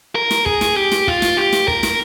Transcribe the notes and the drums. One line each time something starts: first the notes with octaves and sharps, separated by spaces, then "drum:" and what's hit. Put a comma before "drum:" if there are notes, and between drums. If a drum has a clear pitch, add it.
A#4
drum: snare
G#4, drum: kick
drum: snare
G4
drum: snare
F4, drum: kick
drum: snare
G4
drum: snare
A#4, drum: kick
drum: snare